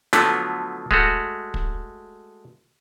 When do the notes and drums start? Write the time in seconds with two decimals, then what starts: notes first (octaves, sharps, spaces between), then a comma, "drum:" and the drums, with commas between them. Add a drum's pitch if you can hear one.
0.13 D3 F3 F#3 A3 B3, drum: snare
0.91 G#3 A3 F#4, drum: kick
1.54 drum: kick